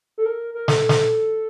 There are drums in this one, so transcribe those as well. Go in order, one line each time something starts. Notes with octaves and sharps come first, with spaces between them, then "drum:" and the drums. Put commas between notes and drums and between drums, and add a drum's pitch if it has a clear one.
A4
A#4
A#4
A4, drum: snare
drum: snare